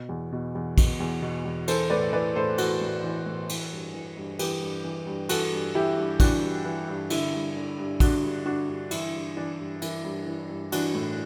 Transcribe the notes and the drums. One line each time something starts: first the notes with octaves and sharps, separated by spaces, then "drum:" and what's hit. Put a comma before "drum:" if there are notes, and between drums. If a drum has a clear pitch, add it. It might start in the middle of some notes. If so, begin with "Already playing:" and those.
Already playing: B2
E2
B2
E2
B2, drum: kick, cymbal
E2
B2
E2
E3 A4 C5, drum: cymbal
A2 B4 D5
E3 B4 D5
A2 A4 C5
E3 F#4 A4, drum: cymbal
A2
E3
A2
E3, drum: cymbal
G2
E3
G2
E3 G4 B4, drum: cymbal
G2
E3
G2
E3 F#4 A4, drum: cymbal
G2
E3 E4 G4
G2
E3 D4 F#4, drum: kick, cymbal
G2
E3
G2
D3 E4, drum: cymbal
G2
D3
G2
D3 D4 F#4, drum: kick, cymbal
G2
D3 D4 F#4
G2
E3 E4, drum: cymbal
G2
E3 D4
G2
E3 E4, drum: cymbal
G2
E3
G2
E3 D4 F#4, drum: cymbal
A2